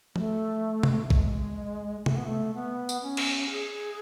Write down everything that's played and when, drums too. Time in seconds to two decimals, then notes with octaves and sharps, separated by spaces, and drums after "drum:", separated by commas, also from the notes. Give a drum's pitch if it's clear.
0.16 A3, drum: tom F3
0.83 drum: tom
1.10 G#3, drum: kick
2.06 A3, drum: tom
2.16 B3
2.25 A3
2.54 B3
2.89 drum: tambourine
3.02 C#4
3.17 drum: cymbal
3.50 G#4